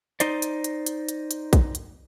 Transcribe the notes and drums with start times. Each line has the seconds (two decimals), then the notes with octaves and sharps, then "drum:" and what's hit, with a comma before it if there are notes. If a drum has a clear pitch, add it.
0.20 D#4 C5 D5, drum: hi-hat
0.42 drum: hi-hat
0.64 drum: hi-hat
0.86 drum: hi-hat
1.09 drum: hi-hat
1.31 drum: hi-hat
1.53 drum: kick, hi-hat
1.75 drum: hi-hat